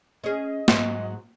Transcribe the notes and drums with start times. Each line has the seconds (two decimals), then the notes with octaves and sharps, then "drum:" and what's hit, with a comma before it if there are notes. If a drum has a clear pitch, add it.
0.24 C#4 G#4 D#5
0.68 G#2 F#3, drum: snare